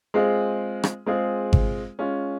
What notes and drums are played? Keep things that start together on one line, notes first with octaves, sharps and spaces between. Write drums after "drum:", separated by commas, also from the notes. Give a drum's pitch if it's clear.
G#3 C4 F4 G#4
drum: rim click
G#3 C4 F4 G#4
drum: kick G#1
G#3 C#4 F4